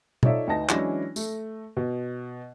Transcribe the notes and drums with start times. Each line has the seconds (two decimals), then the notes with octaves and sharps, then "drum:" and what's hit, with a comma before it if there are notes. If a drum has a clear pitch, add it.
0.23 D#4 F4 A4 C#5 D5 E5, drum: tom B2
0.47 D2 D#4 B4 A5 A#6
0.69 E3 F#3 G#3 C#4 D4 E4, drum: clap
1.16 A3, drum: tambourine
1.77 B2